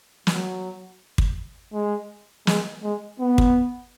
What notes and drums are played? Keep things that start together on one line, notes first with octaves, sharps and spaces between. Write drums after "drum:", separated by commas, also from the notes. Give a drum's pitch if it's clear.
F#3, drum: snare
drum: kick
G#3
G#3, drum: snare
G#3
B3
drum: kick